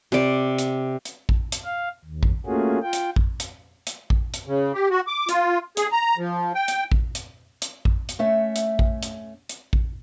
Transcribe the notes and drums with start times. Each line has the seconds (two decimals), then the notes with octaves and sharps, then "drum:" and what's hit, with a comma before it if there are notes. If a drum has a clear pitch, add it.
0.12 C3 D5
0.59 drum: hi-hat
1.05 drum: hi-hat
1.29 drum: kick A1
1.52 drum: hi-hat
1.65 F5
2.04 D#2
2.23 drum: kick A1
2.46 A3 A#3 C#4 F4 F#4 G#4
2.82 F4 G5
2.93 drum: hi-hat
3.16 drum: kick A1
3.40 drum: hi-hat
3.87 drum: hi-hat
4.10 drum: kick A1
4.34 drum: hi-hat
4.47 C#3
4.74 G4
4.91 F#4
5.07 D6
5.29 F4, drum: hi-hat
5.77 G#4, drum: hi-hat
5.92 A#5
6.18 F3
6.55 G5
6.68 drum: hi-hat
6.92 drum: kick A1
7.15 drum: hi-hat
7.62 drum: hi-hat
7.85 drum: kick A1
8.09 drum: hi-hat
8.19 A3 C#4 E5
8.56 drum: hi-hat
8.79 drum: kick A1
9.03 drum: hi-hat
9.49 drum: hi-hat
9.73 drum: kick A1